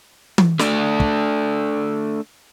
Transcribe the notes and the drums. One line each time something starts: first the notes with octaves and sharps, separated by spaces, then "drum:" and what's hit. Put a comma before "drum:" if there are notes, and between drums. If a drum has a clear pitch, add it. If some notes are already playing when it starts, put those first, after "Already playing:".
drum: tom E3
A3 D4, drum: snare
drum: kick